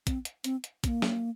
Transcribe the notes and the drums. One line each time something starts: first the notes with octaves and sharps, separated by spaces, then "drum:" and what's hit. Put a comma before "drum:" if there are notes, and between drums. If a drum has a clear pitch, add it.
C4, drum: kick, hi-hat
drum: hi-hat
C4, drum: hi-hat
drum: hi-hat
C4, drum: kick, hi-hat
A#3
drum: snare